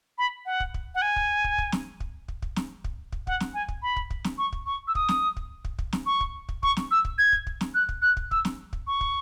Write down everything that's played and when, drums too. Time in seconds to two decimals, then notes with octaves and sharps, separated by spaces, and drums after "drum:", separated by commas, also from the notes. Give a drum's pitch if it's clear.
0.18 B5
0.46 F#5
0.60 drum: kick
0.74 drum: kick
0.95 F#5
1.02 G#5
1.16 drum: kick
1.44 drum: kick
1.58 drum: kick
1.72 drum: snare
2.00 drum: kick
2.28 drum: kick
2.42 drum: kick
2.56 drum: snare
2.84 drum: kick
3.12 drum: kick
3.27 F#5, drum: kick
3.40 drum: snare
3.54 G#5
3.68 drum: kick
3.82 B5
3.96 drum: kick
4.10 drum: kick
4.24 drum: snare
4.38 C#6
4.52 drum: kick
4.66 C#6
4.88 E6
4.95 D#6, drum: kick
5.09 drum: snare
5.37 drum: kick
5.65 drum: kick
5.79 drum: kick
5.93 drum: snare
6.06 C#6
6.21 drum: kick
6.49 drum: kick
6.63 C#6, drum: kick
6.77 drum: snare
6.91 E6
7.05 drum: kick
7.18 G#6
7.33 drum: kick
7.47 drum: kick
7.61 drum: snare
7.75 F#6
7.89 drum: kick
8.02 F#6
8.17 drum: kick
8.31 E6, drum: kick
8.45 drum: snare
8.73 drum: kick
8.87 C#6
9.01 drum: kick